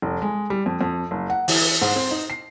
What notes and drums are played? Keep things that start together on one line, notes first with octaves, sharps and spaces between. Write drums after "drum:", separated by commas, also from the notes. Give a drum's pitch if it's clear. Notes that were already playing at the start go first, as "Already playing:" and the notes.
F1
G#3
G3
F2
F2
F#1
F#5
E3, drum: open hi-hat
G#2
C4
D#4
C7